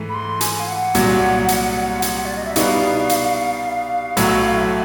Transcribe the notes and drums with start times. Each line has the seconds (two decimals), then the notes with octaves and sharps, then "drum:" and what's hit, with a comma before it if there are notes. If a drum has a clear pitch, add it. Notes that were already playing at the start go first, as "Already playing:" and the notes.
Already playing: G#2 E3 A3
0.09 B5
0.14 C6
0.41 G#5, drum: hi-hat
0.60 F5
0.67 F#5
0.95 C2 A#2 F#3, drum: hi-hat
1.48 drum: hi-hat
2.02 drum: hi-hat
2.25 D5
2.36 D#5
2.45 E5
2.56 B2 G3 B3 D#4 F5, drum: hi-hat
3.09 drum: hi-hat
4.17 B1 A2 F#3 F#5, drum: hi-hat
4.37 F5
4.57 E5